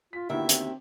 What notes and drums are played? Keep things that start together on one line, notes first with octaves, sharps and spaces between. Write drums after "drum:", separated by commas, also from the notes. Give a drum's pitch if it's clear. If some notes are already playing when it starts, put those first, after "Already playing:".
F4 B6
D#2 D3 B3 E4 F#4 E5
C4, drum: hi-hat